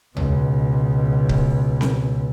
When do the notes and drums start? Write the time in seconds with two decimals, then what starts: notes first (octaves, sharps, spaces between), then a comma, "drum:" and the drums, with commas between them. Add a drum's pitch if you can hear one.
0.17 C#2 B2, drum: tom D#2
1.29 drum: kick C#1
1.81 drum: snare C4